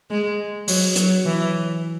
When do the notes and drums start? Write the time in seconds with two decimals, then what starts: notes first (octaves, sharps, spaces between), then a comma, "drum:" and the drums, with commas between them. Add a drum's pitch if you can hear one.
0.10 G#3
0.68 F#3, drum: open hi-hat
0.96 F#3, drum: hi-hat
1.25 E3